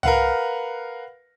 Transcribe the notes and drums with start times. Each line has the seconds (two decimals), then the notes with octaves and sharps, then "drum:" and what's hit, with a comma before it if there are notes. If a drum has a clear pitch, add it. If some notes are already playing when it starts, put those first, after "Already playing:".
0.03 A#4 B4 F5 F#5, drum: tom C2